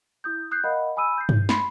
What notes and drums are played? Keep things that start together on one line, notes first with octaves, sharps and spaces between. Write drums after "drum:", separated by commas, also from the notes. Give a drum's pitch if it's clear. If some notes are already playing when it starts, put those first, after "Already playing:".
E4 D#6 G6
D#6 F#6 G6 C7
A#4 D#5 F5 F#5 B5
G#5 B5 D#6 E6 D#7
G6 C7
drum: tom G2
B5 C6 C7, drum: snare